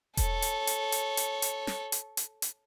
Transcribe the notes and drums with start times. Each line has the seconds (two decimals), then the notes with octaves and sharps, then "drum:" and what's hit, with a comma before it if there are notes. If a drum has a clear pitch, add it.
0.17 A4 C#5, drum: kick E1, hi-hat
0.42 drum: hi-hat
0.67 drum: hi-hat
0.92 drum: hi-hat
1.17 drum: hi-hat
1.42 drum: hi-hat
1.67 drum: snare
1.92 drum: hi-hat
2.17 drum: hi-hat
2.42 drum: hi-hat